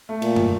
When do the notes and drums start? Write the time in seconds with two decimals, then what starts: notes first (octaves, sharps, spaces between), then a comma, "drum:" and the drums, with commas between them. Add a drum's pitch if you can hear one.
0.09 A3
0.22 A#2, drum: cymbal
0.36 drum: tom